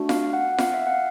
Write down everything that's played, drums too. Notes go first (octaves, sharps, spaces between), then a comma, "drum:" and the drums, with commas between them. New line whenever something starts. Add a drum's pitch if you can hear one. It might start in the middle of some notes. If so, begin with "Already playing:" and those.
Already playing: A3 D4 F#4
F5, drum: snare F4
F#5
F#5
F5, drum: snare F4
E5
F#5
F5